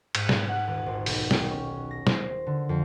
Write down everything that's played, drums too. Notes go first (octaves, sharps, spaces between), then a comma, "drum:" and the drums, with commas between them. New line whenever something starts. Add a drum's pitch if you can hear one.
G#2, drum: cymbal
drum: snare
F#5
D#1
G#1
B1, drum: open hi-hat
G5, drum: snare
C#4
A#6
C5, drum: snare
D3
F2